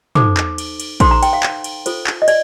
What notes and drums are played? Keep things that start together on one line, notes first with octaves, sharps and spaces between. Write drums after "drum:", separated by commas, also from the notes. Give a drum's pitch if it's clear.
D#4 A4 C5 D6, drum: tom
drum: clap
drum: cymbal
drum: cymbal
D#4 A4 C5 C6, drum: kick A#1, cymbal
A#5
G5, drum: cymbal
F5
drum: clap
drum: cymbal
F4 A4 C5, drum: cymbal
drum: clap
D#5
D5, drum: cymbal